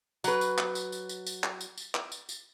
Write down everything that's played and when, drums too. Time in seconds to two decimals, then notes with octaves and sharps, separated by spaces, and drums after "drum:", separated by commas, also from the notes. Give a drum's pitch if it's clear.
0.24 F#3 B4, drum: tambourine
0.41 drum: tambourine
0.58 drum: clap
0.75 drum: tambourine
0.92 drum: tambourine
1.09 drum: tambourine
1.26 drum: tambourine
1.43 drum: clap
1.61 drum: tambourine
1.78 drum: tambourine
1.95 drum: clap
2.12 drum: tambourine
2.29 drum: tambourine